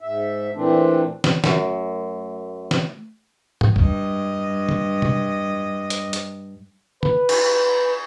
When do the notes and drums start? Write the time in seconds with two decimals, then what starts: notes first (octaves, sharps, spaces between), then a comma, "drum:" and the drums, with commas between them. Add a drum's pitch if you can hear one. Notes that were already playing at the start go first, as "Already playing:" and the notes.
0.01 G#2 E5
0.55 A#2 E3 A3 C4 D4
1.24 drum: snare
1.44 F#2 A3, drum: snare
2.71 drum: snare
3.61 drum: tom
3.76 G2 D#5, drum: kick
4.69 drum: tom
5.02 drum: tom C3
5.90 drum: hi-hat
6.13 drum: hi-hat
7.03 B4, drum: tom
7.29 drum: cymbal